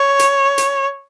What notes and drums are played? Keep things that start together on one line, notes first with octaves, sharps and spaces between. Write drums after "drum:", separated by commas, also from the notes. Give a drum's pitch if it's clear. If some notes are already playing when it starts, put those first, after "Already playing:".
Already playing: C#5
drum: hi-hat
drum: hi-hat